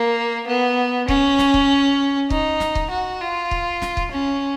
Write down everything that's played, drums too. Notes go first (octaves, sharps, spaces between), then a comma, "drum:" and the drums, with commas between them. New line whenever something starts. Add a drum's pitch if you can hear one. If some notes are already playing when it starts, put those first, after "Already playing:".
Already playing: A#3
B3
C#4, drum: kick C#1
drum: snare
drum: kick C#1
D#4, drum: kick C#1
drum: snare
drum: kick C#1
F#4
F4
drum: kick C#1
drum: snare
drum: kick C#1
C#4